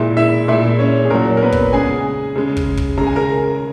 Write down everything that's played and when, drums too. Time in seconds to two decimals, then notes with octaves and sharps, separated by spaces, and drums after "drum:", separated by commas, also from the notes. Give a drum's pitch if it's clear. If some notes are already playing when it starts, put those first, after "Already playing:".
Already playing: A#2 G#3 E4 E5
0.17 E4 E5
0.48 A#2 G#3 E4 E5
0.79 C#4 C#5
1.05 G#4
1.10 A#2 F#3 A#4
1.37 A#4
1.42 B3 B4
1.52 drum: kick
1.73 C#3 G#3 G#4 G#5
2.36 C#3 G#3
2.57 drum: kick
2.77 drum: kick
2.98 C#3 G#3 A#5
3.07 G#5
3.16 A#4 A#5